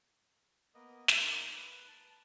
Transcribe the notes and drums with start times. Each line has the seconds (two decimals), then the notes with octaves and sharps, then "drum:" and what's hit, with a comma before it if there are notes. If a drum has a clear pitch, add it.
0.74 A#3 B3 D#5
1.08 G#3 A#3 D#4, drum: snare
1.56 B4
1.88 A5